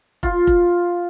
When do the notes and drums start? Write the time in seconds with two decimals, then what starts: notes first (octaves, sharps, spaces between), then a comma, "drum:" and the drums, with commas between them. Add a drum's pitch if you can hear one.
0.23 F4, drum: kick F1
0.47 drum: kick F1